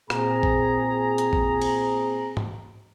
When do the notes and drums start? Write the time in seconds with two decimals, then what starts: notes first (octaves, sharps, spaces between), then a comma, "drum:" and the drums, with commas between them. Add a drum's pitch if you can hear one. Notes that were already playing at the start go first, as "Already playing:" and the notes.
0.10 A#2 C4 G#4 A#5, drum: rim click
0.43 drum: kick A1
1.18 drum: hi-hat
1.33 drum: kick A1
1.61 drum: cymbal
2.37 drum: tom G#2